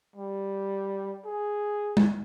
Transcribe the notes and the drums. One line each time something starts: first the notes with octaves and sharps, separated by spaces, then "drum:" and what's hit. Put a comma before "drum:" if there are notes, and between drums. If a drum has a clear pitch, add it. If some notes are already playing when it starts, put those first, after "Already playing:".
G3
G#4
drum: tom G#3